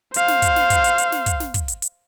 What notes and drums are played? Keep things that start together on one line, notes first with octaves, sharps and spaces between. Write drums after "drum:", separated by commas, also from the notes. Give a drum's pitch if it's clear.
C5 F5, drum: hi-hat
drum: snare
drum: kick, hi-hat
drum: snare
drum: kick, hi-hat
drum: hi-hat
drum: hi-hat
drum: snare
drum: kick, hi-hat
drum: snare
drum: kick, hi-hat
drum: hi-hat
drum: hi-hat